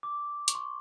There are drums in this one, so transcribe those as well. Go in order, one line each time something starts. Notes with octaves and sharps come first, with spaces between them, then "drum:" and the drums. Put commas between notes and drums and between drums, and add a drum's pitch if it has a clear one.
D6
C#6, drum: hi-hat
C6